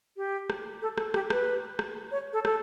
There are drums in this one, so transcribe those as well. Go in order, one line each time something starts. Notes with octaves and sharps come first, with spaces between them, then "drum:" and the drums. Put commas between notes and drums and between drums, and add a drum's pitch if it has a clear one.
G4
drum: rim click
A4
A4, drum: rim click
G4, drum: rim click
B4, drum: rim click
drum: rim click
C#5
A4
A4, drum: rim click